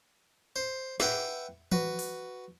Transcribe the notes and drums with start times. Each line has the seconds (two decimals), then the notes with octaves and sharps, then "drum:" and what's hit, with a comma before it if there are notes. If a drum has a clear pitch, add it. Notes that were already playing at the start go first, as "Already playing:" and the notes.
0.56 C5
1.00 B4 E5 F#5 G5, drum: snare
1.72 F#4 B4, drum: tom E3
1.99 drum: open hi-hat